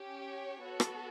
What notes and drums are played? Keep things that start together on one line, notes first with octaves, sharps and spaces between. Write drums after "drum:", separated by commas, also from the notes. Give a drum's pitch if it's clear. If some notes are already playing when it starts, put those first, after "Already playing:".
Already playing: C#4 G4
C#5
B3 F#4 A4
drum: rim click